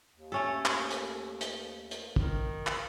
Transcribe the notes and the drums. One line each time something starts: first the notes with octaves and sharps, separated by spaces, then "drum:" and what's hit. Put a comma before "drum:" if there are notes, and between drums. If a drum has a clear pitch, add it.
D#2
A3 C#4 A4
drum: clap
drum: hi-hat
drum: hi-hat
drum: hi-hat
D#3, drum: kick
drum: clap